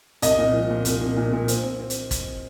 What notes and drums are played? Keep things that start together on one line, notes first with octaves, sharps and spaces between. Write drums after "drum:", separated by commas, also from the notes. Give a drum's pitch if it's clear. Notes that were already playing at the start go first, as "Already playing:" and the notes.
C2 D#5, drum: hi-hat
A#2
F3
A#2
C2, drum: hi-hat
A#2
A#2
A#2
C4, drum: hi-hat
C4
C4
drum: hi-hat
drum: kick G#1, hi-hat